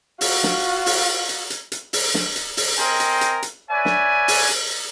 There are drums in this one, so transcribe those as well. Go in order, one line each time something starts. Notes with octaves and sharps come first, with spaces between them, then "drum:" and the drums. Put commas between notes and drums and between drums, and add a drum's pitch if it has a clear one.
F4 F#4, drum: open hi-hat
drum: snare
drum: open hi-hat
drum: hi-hat
drum: hi-hat
drum: hi-hat
drum: open hi-hat
drum: snare
drum: hi-hat
drum: open hi-hat
C4 A#4 D#5 G5 G#5 C6, drum: hi-hat
drum: hi-hat
drum: hi-hat
drum: hi-hat
B4 C#5 D5 E5 G#5
drum: snare
drum: open hi-hat
drum: hi-hat